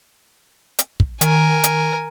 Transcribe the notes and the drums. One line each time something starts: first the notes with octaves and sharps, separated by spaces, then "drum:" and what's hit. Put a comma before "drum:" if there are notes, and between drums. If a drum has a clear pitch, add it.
drum: hi-hat
drum: kick
D#3 A#4 G#5, drum: hi-hat
drum: hi-hat